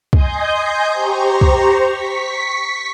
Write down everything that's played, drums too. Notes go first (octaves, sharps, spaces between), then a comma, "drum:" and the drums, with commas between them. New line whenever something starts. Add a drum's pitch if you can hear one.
D#5 G#5 C6 D#6 G6, drum: kick
G4 C5 A#5 C#6
drum: kick
C#6 B6